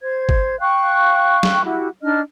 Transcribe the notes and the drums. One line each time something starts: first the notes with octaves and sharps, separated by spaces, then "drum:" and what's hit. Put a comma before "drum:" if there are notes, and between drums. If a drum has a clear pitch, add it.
C5 G#6
drum: kick G#1
F5 G5 C#6 F#6
drum: snare
E4 F#4 G4
D4 D#4 D#5 F6